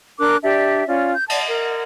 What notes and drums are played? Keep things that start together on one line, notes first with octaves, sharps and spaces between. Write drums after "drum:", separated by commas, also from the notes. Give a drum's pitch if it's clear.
D4 A#4 D6 F#6
D4 G4 D5 E5
C#4 F4 D5
G6
D5 A5, drum: cymbal
A#4